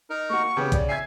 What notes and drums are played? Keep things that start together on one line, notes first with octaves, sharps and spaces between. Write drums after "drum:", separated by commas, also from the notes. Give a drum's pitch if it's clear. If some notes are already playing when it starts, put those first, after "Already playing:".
D#4 A#4
A#3 F#4 C#6
C#3 B3 C#4 G4
D5, drum: kick, hi-hat
E5 G#5 G#6 C7